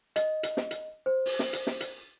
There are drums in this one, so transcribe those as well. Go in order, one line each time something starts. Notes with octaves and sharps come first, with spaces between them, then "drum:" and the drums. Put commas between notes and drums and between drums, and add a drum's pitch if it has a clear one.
D#5, drum: hi-hat
drum: hi-hat
drum: snare
drum: hi-hat
C5
drum: open hi-hat
drum: snare
drum: hi-hat
drum: snare
drum: hi-hat